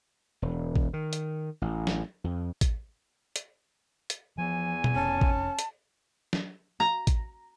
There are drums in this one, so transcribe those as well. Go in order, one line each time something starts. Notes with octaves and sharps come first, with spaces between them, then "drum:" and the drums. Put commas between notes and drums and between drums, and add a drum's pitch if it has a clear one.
E1
drum: kick A1
D#3
drum: hi-hat
A1
drum: snare
F2
drum: kick A1, hi-hat
drum: hi-hat
drum: hi-hat
E2 F3 G#5
drum: tom B2
F1 C#4 A5
drum: kick A1
drum: hi-hat
drum: snare
A#5
drum: kick A1, hi-hat